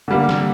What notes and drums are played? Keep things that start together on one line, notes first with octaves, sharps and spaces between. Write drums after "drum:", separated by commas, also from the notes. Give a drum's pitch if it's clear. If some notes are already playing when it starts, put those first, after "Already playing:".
D3 G3 A#3
drum: snare